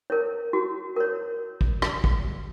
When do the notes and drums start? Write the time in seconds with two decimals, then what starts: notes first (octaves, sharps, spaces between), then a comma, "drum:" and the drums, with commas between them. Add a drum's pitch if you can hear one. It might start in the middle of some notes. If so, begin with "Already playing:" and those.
0.10 A#4 C#5
0.53 F#4
0.96 A#4 C#5
1.61 drum: kick
1.82 drum: rim click
2.04 drum: kick